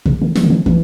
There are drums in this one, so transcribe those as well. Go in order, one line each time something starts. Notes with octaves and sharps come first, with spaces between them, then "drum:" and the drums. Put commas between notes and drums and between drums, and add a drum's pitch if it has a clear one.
C3, drum: kick
D3
E3, drum: snare
D3
E3
E3, drum: kick